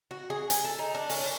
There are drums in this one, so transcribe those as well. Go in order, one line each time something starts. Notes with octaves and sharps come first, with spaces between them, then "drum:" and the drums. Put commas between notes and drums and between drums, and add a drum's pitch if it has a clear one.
F#4
G#4
G#4, drum: hi-hat
A4
D#4
D4
C#4, drum: open hi-hat
D4